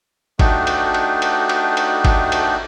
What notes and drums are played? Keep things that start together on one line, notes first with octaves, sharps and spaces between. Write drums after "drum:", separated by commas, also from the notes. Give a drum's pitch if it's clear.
A3 D4 D#4 F#4 G4, drum: kick G#1, cymbal
drum: cymbal
drum: cymbal
drum: cymbal
drum: cymbal
drum: cymbal
drum: kick G#1, cymbal
drum: cymbal